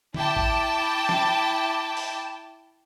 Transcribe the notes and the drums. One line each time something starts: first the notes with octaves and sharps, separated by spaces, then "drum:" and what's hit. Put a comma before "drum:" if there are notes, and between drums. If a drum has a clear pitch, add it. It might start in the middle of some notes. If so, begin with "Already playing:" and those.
E4 G5 A5 D6, drum: tom D3
drum: kick A1
drum: snare
drum: open hi-hat